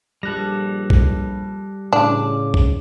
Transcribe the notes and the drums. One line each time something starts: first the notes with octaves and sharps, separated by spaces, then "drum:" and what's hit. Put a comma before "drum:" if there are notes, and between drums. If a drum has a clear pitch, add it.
A#1 G3 A4 F#6 A#6
drum: kick
A2 C#3 D4 D6
drum: kick